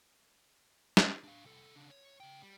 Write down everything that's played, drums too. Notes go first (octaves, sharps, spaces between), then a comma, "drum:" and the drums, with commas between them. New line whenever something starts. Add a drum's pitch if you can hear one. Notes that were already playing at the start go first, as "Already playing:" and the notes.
drum: snare
D4 F5
C2 A4
C#3 D4
C#5
C#3 G5
G3